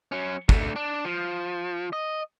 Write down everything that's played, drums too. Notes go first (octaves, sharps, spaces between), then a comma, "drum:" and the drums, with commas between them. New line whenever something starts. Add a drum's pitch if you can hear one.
F#3 C#4
D3 A3, drum: kick
D4
F3
D#5